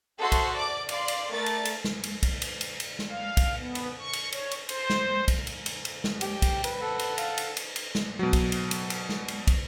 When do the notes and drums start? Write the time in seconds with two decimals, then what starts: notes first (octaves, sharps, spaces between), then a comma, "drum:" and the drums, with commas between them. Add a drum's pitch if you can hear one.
0.19 F#4 G#4 A4 C5 E5 C6
0.32 drum: kick, cymbal
0.55 D5 D6
0.89 D5 F5 C6, drum: cymbal
1.08 drum: cymbal
1.31 A3 A#4 D5 A6
1.46 drum: cymbal
1.65 drum: cymbal
1.84 drum: snare
2.04 drum: cymbal
2.23 drum: kick, cymbal
2.42 drum: cymbal
2.61 drum: cymbal
2.80 drum: cymbal
2.99 drum: snare
3.10 F5
3.37 drum: kick, cymbal
3.58 B3
3.75 drum: cymbal
3.99 C#6
4.13 drum: cymbal
4.32 C#5, drum: cymbal
4.51 drum: cymbal
4.69 C5, drum: cymbal
4.90 drum: snare
5.28 drum: kick, cymbal
5.47 drum: cymbal
5.66 drum: cymbal
5.85 drum: cymbal
6.04 drum: snare
6.21 G4 G5, drum: cymbal
6.42 drum: kick, cymbal
6.64 B4, drum: cymbal
6.82 A4 F#5 A5
6.99 drum: cymbal
7.18 F5, drum: cymbal
7.38 drum: cymbal
7.57 drum: cymbal
7.76 drum: cymbal
7.95 drum: snare
8.19 B2 F#3
8.33 drum: kick, cymbal
8.52 drum: cymbal
8.71 drum: cymbal
8.90 drum: cymbal
9.09 drum: snare
9.28 drum: cymbal
9.47 drum: kick, cymbal